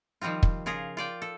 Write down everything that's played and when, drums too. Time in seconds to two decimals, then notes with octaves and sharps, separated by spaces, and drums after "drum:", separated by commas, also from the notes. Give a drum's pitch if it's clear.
0.21 D#3 F3 G3 C4 F4
0.43 drum: kick
0.66 C#3 F4 G#4 A#4
0.97 F4 D5 G5
1.22 A4